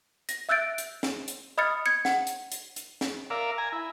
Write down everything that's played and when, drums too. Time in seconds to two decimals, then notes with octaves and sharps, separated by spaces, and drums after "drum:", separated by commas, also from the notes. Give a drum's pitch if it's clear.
0.29 A#6, drum: hi-hat
0.49 E5 E6 F#6 G6 A6 D7
0.78 drum: hi-hat
1.03 drum: snare
1.28 drum: hi-hat
1.58 D#5 B5 D#6 F6 A6 C#7
1.86 G#6 C#7
2.05 F#5, drum: snare
2.27 drum: hi-hat
2.52 drum: hi-hat
2.76 drum: hi-hat
3.01 drum: snare
3.30 A#4 D5 E5 F5
3.58 G#5 A#5
3.72 E4